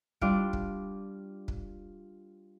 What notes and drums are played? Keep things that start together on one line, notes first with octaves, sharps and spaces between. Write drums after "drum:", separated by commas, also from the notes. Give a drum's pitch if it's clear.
G3 D4 F4 F5 D7, drum: kick
drum: kick
drum: kick